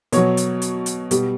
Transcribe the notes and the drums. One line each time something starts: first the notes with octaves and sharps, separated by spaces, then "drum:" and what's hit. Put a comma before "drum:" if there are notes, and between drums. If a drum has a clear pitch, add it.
B2 F#3 C#5, drum: hi-hat
drum: hi-hat
drum: hi-hat
drum: hi-hat
B2 G3, drum: hi-hat